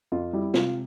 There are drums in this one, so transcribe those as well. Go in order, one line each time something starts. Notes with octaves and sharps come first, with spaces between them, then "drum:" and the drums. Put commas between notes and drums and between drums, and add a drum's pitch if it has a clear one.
F2 F4
G3 E4
C3 F4, drum: snare